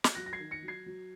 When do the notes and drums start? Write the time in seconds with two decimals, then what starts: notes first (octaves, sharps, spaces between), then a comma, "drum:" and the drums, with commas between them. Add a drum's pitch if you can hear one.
0.04 drum: snare
0.15 F#3 F#6 A#6
0.26 A#6
0.33 G#6 C7
0.40 D#3
0.51 A#6 C#7
0.63 F#3
0.68 G#6 C7
0.86 F#3